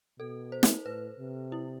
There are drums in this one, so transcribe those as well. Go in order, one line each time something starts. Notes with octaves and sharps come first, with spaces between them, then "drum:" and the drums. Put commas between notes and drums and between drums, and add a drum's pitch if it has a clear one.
B2 A4
C5
drum: snare
A2 B4
C3
E4